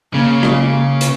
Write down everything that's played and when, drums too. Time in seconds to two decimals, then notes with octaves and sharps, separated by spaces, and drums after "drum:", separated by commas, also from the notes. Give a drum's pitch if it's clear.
0.14 C#3 A#3
0.43 drum: rim click
1.01 drum: hi-hat